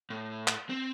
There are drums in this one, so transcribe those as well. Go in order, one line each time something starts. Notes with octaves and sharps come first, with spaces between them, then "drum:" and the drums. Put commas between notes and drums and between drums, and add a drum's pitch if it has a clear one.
A2
drum: clap
C4